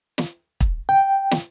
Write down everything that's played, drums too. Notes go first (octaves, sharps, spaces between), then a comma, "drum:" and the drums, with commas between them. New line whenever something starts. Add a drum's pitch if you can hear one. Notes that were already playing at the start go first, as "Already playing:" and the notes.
drum: snare
drum: kick
G5
drum: snare